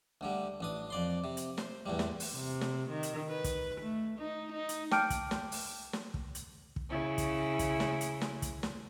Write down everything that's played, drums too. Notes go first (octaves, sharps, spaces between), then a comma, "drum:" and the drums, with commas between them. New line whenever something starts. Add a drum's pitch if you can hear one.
D2 D3 G3
A1 D4 D#6
F2 D5 C6
C3
drum: hi-hat
C5, drum: snare
E2 A2 G3
drum: snare
drum: open hi-hat
C3
drum: snare
D#3
drum: hi-hat
B4
drum: kick, hi-hat
A3
D#4
D#4
drum: hi-hat
G5 A5 D6 F6 G6 D7, drum: snare
drum: kick, hi-hat
drum: snare
drum: open hi-hat
drum: snare
drum: kick
drum: hi-hat
drum: kick
C#3 E4
drum: kick, hi-hat
drum: kick, hi-hat
drum: snare
drum: hi-hat
drum: snare
drum: kick, hi-hat
drum: snare